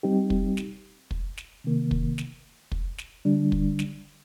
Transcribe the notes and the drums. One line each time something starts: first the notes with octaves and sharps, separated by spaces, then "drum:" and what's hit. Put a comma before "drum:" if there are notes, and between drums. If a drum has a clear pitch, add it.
G3 C4 D#4 G4
drum: kick
drum: snare
drum: kick
drum: snare
C3 D#3 A#3
drum: kick
drum: snare
drum: kick
drum: snare
D3 G3 D4
drum: kick
drum: snare